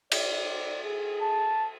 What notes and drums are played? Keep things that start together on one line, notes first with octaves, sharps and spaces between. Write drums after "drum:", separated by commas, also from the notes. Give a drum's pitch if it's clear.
D#4 C5 D5, drum: cymbal
G#4
A5